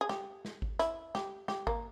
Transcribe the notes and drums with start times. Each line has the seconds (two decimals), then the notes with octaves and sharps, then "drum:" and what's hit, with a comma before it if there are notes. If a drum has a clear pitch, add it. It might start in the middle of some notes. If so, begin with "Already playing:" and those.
0.01 G#4
0.09 G4, drum: snare
0.45 drum: snare
0.62 drum: kick G#1
0.79 E4, drum: hi-hat
1.15 G4, drum: snare
1.48 G4, drum: snare
1.67 A#3, drum: kick G#1